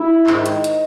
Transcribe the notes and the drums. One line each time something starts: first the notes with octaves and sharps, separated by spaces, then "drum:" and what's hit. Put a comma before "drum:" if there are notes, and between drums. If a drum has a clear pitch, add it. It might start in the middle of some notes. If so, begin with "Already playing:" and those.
Already playing: E4
G#2 D#3 D#4, drum: clap
drum: hi-hat
drum: hi-hat